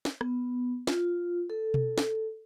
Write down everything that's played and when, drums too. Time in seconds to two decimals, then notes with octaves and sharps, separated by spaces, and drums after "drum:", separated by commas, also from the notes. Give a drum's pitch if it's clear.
0.05 drum: snare
0.21 B3, drum: rim click
0.87 F4, drum: snare
1.50 A4
1.74 drum: tom B2
1.98 drum: snare